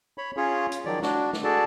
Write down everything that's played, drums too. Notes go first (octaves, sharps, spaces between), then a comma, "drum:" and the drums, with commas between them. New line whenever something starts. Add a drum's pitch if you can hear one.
C#5 B5
C#4 F4 G#4 C#5
drum: hi-hat
D#3 F3 F#3 D5
D4 F#4, drum: snare
drum: snare
F#4 G#4 A4 D5 A5